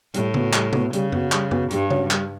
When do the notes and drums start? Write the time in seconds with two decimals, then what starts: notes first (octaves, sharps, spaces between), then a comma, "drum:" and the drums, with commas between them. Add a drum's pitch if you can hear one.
0.14 A2 G3, drum: hi-hat
0.34 B3 F#4, drum: tom C#3
0.53 G3, drum: clap
0.73 B3 F#4, drum: tom C3
0.93 C#3 G3, drum: hi-hat
1.12 B3 F#4, drum: tom F#2
1.32 G3, drum: clap
1.51 B3 F#4, drum: tom F#2
1.70 G2 G3, drum: hi-hat
1.90 C#4 F#4 C#5, drum: tom C#3
2.11 G3, drum: clap